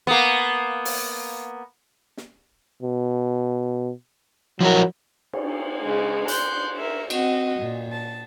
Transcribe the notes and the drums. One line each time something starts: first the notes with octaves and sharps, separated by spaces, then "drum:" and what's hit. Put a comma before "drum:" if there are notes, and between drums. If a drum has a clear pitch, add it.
A#3 B3
drum: open hi-hat
drum: snare
B2
F3 F#3 E4 A#4
drum: cymbal
C#3 G#3
C6 F#6 G6, drum: hi-hat
A#4 E5
C4 F#4 D#5 F#5, drum: cymbal
A#2
A5